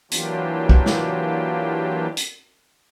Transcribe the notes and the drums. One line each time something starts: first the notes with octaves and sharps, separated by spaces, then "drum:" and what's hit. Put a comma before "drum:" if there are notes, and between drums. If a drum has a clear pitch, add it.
E3 F#3 A#3 D4 F4 G4, drum: hi-hat
drum: kick
drum: snare
drum: hi-hat